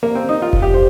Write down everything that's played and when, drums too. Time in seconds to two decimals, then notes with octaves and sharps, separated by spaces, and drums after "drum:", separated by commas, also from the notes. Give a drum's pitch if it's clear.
0.03 A#3
0.15 C4
0.29 D#4
0.42 F4
0.53 drum: kick F1
0.62 G4
0.74 C5